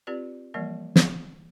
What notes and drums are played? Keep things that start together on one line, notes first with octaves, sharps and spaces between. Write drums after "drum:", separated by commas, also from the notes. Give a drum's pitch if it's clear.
C4 F4 G4 B4 D5
E3 F3 G3 A#3 A#4 D5
drum: snare